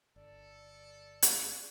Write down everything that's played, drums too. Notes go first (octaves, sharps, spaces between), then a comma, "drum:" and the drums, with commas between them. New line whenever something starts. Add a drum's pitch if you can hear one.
G1 A4 D5
drum: hi-hat